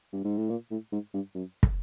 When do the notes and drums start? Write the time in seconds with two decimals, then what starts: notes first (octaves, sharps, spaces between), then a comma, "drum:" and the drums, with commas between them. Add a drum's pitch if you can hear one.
0.13 G2
0.25 G#2
0.37 A2
0.50 A#2
0.71 A2
0.92 G#2
1.14 G2
1.35 F#2
1.63 drum: kick